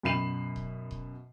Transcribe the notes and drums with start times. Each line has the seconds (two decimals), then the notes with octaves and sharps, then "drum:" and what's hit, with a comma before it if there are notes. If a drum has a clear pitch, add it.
0.03 F#2 B2 B5 C7 E7 F#7
0.56 drum: kick D#1
0.91 drum: kick D#1